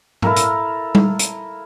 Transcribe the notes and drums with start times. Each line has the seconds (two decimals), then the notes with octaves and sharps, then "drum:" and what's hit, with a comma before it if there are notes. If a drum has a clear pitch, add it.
0.22 E4 A4 A#4 F5, drum: tom G#2
0.36 drum: hi-hat
0.95 drum: tom G3
1.19 drum: hi-hat